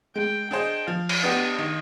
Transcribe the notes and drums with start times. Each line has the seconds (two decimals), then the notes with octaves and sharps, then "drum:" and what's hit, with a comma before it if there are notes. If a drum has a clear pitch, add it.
0.15 G#3 G5
0.51 D4 G#4 C5 D#5 G5
0.87 F3 F5
1.09 drum: cymbal
1.22 B3 D4 G4 D#5
1.59 D#3